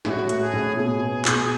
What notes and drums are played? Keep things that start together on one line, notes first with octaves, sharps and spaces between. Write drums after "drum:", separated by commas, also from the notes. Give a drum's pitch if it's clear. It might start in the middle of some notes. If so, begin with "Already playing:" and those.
A2 F#4 G#4, drum: snare
A3, drum: hi-hat
G#4
A2
B2 G#4
B3
B2, drum: clap